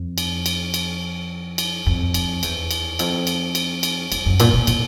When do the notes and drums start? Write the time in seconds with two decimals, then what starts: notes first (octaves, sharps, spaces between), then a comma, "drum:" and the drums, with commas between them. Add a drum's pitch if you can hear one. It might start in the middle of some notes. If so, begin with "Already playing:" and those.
Already playing: F2
0.18 drum: cymbal
0.46 drum: cymbal
0.74 drum: cymbal
1.58 drum: cymbal
1.86 F2
2.14 drum: cymbal
2.43 E2, drum: cymbal
2.71 drum: cymbal
2.99 F2, drum: cymbal
3.27 drum: cymbal
3.55 drum: cymbal
3.83 drum: cymbal
4.12 F2, drum: cymbal
4.26 F#2
4.40 A#2, drum: cymbal
4.53 A#2
4.67 A#2, drum: cymbal